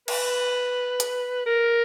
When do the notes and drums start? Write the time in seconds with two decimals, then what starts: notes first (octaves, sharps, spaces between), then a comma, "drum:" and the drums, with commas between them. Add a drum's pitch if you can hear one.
0.08 B4, drum: cymbal
1.00 drum: hi-hat
1.46 A#4